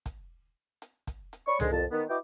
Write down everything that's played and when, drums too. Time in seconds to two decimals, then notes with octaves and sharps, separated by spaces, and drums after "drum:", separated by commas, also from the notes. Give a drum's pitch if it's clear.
0.06 drum: kick, hi-hat
0.82 drum: hi-hat
1.07 drum: kick, hi-hat
1.33 drum: hi-hat
1.47 C#5 D5 B5 C#6
1.60 G#2 D3 D#3 G#3, drum: tom C2
1.72 C2 F2 A5
1.91 D#3 B3
2.09 E4 F#4 B4 D#5 G5 D6